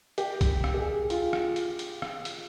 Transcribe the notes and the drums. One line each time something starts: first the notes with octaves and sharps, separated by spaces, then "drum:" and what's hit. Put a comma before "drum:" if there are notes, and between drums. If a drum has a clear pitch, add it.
G4, drum: hi-hat
drum: kick B1, hi-hat
drum: rim click
G4
G#4
F4, drum: hi-hat
drum: rim click
drum: hi-hat
drum: hi-hat
drum: rim click
drum: hi-hat